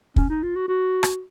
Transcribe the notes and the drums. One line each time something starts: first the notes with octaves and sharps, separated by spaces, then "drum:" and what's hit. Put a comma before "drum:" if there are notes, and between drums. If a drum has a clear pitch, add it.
C#4, drum: kick
D#4
F4
F#4
F#4
drum: rim click